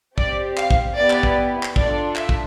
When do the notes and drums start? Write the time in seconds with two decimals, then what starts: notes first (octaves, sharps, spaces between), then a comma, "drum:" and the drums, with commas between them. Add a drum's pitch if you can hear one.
0.18 C4 G4 D5, drum: kick
0.57 F5, drum: clap
0.70 drum: kick
0.96 B3 E4 G4 D5
1.10 drum: clap
1.23 drum: kick
1.63 drum: clap
1.76 D4 F4 A4 D5, drum: kick
2.16 E5, drum: clap
2.29 drum: kick